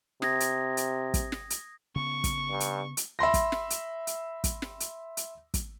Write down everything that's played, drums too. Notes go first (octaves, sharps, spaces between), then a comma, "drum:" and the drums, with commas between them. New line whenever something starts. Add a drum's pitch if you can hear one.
C3 D#6 G#6 A#6, drum: snare
drum: hi-hat
drum: hi-hat
drum: kick, hi-hat
drum: snare
drum: hi-hat
C#3 B3 C#6
drum: kick, hi-hat
G2
drum: hi-hat
drum: hi-hat
E5 B5 C6 A#6
drum: kick, hi-hat
drum: snare
drum: hi-hat
drum: hi-hat
drum: kick, hi-hat
drum: snare
drum: hi-hat
drum: hi-hat
drum: kick, hi-hat